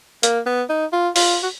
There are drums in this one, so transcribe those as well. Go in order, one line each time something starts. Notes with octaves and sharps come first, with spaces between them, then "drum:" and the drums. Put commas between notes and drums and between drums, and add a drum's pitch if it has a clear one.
A#3, drum: hi-hat
B3
D#4
F4
F4, drum: open hi-hat
F#4